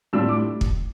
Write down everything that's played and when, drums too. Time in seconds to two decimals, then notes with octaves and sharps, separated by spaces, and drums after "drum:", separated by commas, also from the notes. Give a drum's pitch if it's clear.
0.13 A2 G3 D4 F4 E6
0.29 D6
0.61 drum: kick